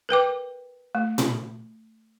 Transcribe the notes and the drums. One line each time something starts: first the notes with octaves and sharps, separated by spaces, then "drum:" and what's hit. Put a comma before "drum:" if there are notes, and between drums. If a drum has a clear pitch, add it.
A#4 B4 G5 D6
A3
drum: tom A#2